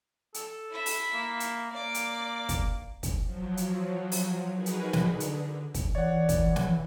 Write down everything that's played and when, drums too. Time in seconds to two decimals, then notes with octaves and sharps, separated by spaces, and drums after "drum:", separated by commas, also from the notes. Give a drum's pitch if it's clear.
0.34 A4, drum: hi-hat
0.71 E4 E5
0.86 drum: open hi-hat
1.13 A#3
1.40 drum: hi-hat
1.71 A#3 D5 D6
1.94 drum: hi-hat
2.49 drum: kick, hi-hat
3.03 drum: kick, hi-hat
3.22 F3 F#3
3.57 drum: hi-hat
4.12 drum: open hi-hat
4.50 D#4 F#4 G#4 A#4 B4
4.66 drum: hi-hat
4.93 D3, drum: snare
5.20 drum: hi-hat
5.74 drum: kick, hi-hat
5.95 E3 C#5 D5 F#5
6.29 drum: kick, hi-hat
6.56 drum: snare